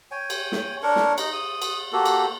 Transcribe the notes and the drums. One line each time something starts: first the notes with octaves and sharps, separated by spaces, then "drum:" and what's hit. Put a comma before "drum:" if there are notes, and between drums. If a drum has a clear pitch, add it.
C#5 G5 G#5
drum: cymbal
drum: snare
D4 A#4 C#5 C#6
drum: snare
D#4, drum: cymbal
D#6
drum: cymbal
A#3 F#4 G4 A4
drum: cymbal